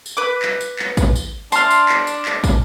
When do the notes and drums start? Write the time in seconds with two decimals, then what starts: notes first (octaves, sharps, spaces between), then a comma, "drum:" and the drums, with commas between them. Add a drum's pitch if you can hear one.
0.06 drum: tambourine
0.17 B4 D6
0.42 drum: clap
0.61 drum: tambourine
0.79 drum: clap
0.97 drum: kick, tambourine
1.16 drum: tambourine
1.52 D4 A5 C6 F6, drum: tambourine
1.70 drum: tambourine
1.89 drum: clap
2.07 drum: tambourine
2.25 drum: clap
2.44 drum: kick, tambourine